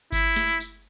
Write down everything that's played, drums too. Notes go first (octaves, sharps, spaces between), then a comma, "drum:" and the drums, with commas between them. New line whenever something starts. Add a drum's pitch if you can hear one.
E4, drum: kick G1, tambourine
drum: snare
drum: tambourine